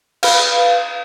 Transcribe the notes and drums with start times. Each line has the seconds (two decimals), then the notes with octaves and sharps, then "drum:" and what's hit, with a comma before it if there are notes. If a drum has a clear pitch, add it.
0.23 B4 F5, drum: cymbal